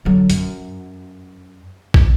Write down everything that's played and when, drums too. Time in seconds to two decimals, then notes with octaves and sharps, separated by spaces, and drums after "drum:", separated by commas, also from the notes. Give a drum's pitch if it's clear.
0.05 D3 F#3
0.30 F#2, drum: hi-hat
1.94 drum: kick